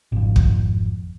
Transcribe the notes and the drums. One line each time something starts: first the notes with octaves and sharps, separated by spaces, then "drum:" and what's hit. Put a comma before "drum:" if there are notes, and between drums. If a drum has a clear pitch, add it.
G#1 F2
drum: kick